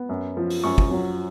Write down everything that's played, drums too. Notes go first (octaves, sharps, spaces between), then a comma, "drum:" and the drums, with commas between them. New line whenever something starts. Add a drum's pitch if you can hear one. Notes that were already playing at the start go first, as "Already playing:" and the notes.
Already playing: B3
F#2
F3
drum: open hi-hat
F#2 C#6
drum: kick
F#3